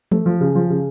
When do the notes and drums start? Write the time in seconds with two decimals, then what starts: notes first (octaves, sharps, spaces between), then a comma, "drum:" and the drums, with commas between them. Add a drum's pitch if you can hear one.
0.11 A3, drum: tom E3
0.26 F3
0.41 C#3
0.55 F3
0.70 C#3